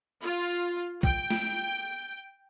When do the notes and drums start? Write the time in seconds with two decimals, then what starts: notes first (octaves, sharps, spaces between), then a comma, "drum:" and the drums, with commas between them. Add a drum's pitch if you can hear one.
0.23 F4
1.03 G5, drum: kick
1.30 drum: snare